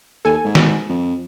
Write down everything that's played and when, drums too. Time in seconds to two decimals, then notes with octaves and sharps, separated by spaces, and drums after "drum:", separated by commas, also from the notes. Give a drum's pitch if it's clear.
0.25 D#2 A4 G#5
0.44 G#2
0.55 drum: snare
0.89 F2